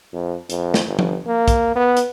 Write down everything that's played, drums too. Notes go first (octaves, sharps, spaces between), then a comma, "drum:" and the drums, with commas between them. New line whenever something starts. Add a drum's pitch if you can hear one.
F2
F2, drum: hi-hat
drum: snare
G1
drum: tom F3
A#3
drum: kick A#1, hi-hat
B3
drum: hi-hat